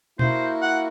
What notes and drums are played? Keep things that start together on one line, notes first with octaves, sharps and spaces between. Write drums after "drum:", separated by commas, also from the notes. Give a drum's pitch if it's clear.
A#3 E4 F#4 C5, drum: tom B2
F#5